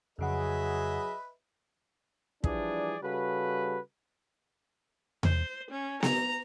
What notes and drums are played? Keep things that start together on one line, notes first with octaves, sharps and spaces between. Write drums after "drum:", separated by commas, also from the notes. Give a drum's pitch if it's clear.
F2 C#3 F#3 G#4 B4 D#5 E5 F#5
E3 F3 G3 D4 G#4 D5, drum: kick
C#3 G3 F#4 A4 B4
C5, drum: tom E2
C#4
A#5, drum: snare B3